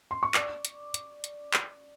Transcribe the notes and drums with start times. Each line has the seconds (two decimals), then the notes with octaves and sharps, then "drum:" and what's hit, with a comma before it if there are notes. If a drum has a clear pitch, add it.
0.11 C6
0.23 C#6
0.34 D5 D6, drum: clap
0.65 drum: hi-hat
0.94 drum: hi-hat
1.24 drum: hi-hat
1.54 drum: clap